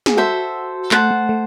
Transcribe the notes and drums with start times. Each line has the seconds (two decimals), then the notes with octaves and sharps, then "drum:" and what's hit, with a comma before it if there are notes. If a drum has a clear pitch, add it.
0.06 G#4, drum: snare
0.17 F#4 A4 C5 E5
0.91 A3 C5 F#5 A5, drum: clap
1.11 A3
1.29 A3